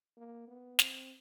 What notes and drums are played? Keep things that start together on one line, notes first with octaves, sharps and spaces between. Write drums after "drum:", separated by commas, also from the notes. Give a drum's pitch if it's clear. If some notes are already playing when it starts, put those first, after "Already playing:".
A#3
B3
C4, drum: snare